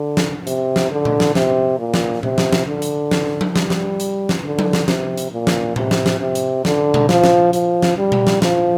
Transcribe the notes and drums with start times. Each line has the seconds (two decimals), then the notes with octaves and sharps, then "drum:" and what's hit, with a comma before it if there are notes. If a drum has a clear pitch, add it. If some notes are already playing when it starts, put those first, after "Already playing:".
Already playing: D3
0.17 drum: snare
0.47 C3, drum: hi-hat
0.76 drum: snare
0.91 D3
1.05 drum: tom A#2
1.20 drum: snare
1.35 C3, drum: snare
1.79 A#2
1.94 drum: snare
2.23 C3, drum: tom A#2
2.38 drum: snare
2.53 drum: snare
2.67 D3
2.82 drum: hi-hat
3.11 drum: snare
3.41 drum: tom F3
3.56 G3, drum: snare
3.70 drum: snare
4.00 drum: hi-hat
4.29 drum: snare
4.44 D3
4.59 drum: tom F3
4.73 drum: snare
4.88 C3, drum: snare
5.17 drum: hi-hat
5.32 A#2
5.47 drum: snare
5.76 C3, drum: tom A2
5.91 drum: snare
6.06 drum: snare
6.20 C3
6.35 drum: hi-hat
6.65 D3, drum: snare
6.94 drum: tom A#2
7.09 F3, drum: snare
7.24 drum: snare
7.53 F3, drum: hi-hat
7.82 drum: snare
7.98 G3
8.12 drum: tom A#2
8.27 drum: snare
8.42 F3, drum: snare